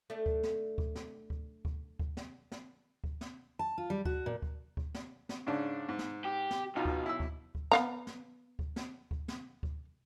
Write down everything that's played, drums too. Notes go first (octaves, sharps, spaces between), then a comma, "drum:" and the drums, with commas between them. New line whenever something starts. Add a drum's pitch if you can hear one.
A3 D4
drum: kick D2
drum: snare
drum: kick D2
drum: snare
drum: kick D2
drum: kick D2
drum: kick D2
drum: snare
drum: snare
drum: kick D2
drum: snare
A5
F4
G3
F#4, drum: kick D2
A#2
drum: kick D2
drum: kick D2
drum: snare
drum: snare
G#2 C#3 D4
G#2
drum: snare
G4
drum: snare
B1 B2 D#4 F4
drum: kick D2
E4 E6
drum: kick D2
drum: kick D2
B3 F5 A#5, drum: snare
drum: snare
drum: kick D2
drum: snare
drum: kick D2
drum: snare
drum: kick D2